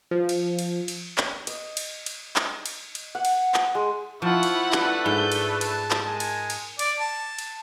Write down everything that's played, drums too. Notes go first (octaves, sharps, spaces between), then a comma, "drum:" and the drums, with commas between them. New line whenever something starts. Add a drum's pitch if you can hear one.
F3
drum: cymbal
drum: cymbal
drum: cymbal
drum: clap
D#5, drum: cymbal
drum: cymbal
drum: cymbal
drum: clap
drum: cymbal
drum: cymbal
F#5
drum: cymbal
drum: clap
G#3
F3 E4 F4 C5 F#5 C#6
drum: cymbal
A3 D4 B4, drum: clap
G#2 G6
drum: cymbal
A5, drum: cymbal
drum: clap
G#3 A#4 G#5
drum: cymbal
drum: cymbal
D5, drum: cymbal
A5
drum: cymbal